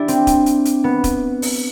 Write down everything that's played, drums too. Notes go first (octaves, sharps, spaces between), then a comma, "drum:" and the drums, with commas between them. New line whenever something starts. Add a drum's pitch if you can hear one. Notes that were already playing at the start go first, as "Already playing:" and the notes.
Already playing: D4 E4 G4
C4, drum: hi-hat
drum: kick D#1, hi-hat
drum: hi-hat
drum: hi-hat
B3
drum: kick D#1, hi-hat
drum: open hi-hat